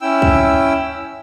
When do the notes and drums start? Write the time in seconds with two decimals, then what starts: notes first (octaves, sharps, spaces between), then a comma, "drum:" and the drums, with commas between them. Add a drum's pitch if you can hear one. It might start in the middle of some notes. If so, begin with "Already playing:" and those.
0.01 C#4 E4 G5 E6
0.22 drum: kick C#2